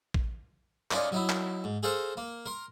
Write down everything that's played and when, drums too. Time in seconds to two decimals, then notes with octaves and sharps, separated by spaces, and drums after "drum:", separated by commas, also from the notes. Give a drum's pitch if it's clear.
0.14 drum: kick A1
0.91 C#4 D#4 F4 C#5 D5, drum: clap
1.12 F#3 D#4 E4
1.29 drum: clap
1.64 G#2
1.83 G#4 A4 C5 F5 A5 A#5
2.17 A#3
2.46 A#4 C6